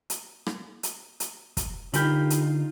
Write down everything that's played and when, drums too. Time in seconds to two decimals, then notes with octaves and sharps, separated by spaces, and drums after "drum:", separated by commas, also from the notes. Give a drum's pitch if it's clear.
0.10 drum: hi-hat
0.46 drum: rim click
0.83 drum: hi-hat
1.20 drum: hi-hat
1.57 drum: kick, hi-hat
1.94 D3 D#4 F4 G4 A#4 B5, drum: hi-hat
2.30 drum: hi-hat